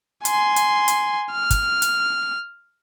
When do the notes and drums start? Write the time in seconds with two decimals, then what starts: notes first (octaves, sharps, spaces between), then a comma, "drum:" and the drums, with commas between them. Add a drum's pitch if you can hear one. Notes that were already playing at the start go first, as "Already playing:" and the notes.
0.25 G#5 C6, drum: hi-hat
0.56 drum: hi-hat
0.88 drum: hi-hat
1.32 F6
1.50 drum: kick, hi-hat
1.82 drum: hi-hat